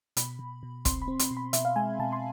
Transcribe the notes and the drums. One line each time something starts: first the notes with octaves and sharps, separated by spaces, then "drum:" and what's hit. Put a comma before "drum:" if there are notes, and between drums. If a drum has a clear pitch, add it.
B2 B5, drum: hi-hat
B2
B2
C4 C6, drum: kick, hi-hat
B5
C4
C6, drum: hi-hat
B2
B5
B2 E5, drum: hi-hat
F5
G#3 G#5
B2 A5
C6